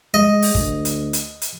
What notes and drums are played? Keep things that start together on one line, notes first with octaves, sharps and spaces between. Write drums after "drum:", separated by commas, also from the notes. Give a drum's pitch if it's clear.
G#3 D#5
drum: open hi-hat
D2, drum: kick
drum: hi-hat
drum: hi-hat
drum: hi-hat